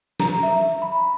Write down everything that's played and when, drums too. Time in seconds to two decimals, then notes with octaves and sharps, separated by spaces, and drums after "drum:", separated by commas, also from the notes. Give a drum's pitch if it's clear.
0.20 A#5, drum: snare
0.43 E5
0.82 B5